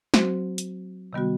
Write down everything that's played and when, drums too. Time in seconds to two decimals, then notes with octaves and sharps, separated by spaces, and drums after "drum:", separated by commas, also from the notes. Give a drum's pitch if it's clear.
0.14 F#3 C4 F#4 C5, drum: snare
0.58 drum: hi-hat
1.13 C3 D#3 G3 B3 F#4